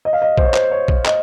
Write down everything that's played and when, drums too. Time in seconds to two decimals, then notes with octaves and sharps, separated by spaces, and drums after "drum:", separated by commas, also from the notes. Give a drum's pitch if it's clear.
0.05 D#5
0.13 F5
0.22 D#5
0.37 C5, drum: kick A#1
0.46 C#5
0.54 C5, drum: clap
0.71 C#5
0.88 drum: kick A#1
1.05 D#5, drum: clap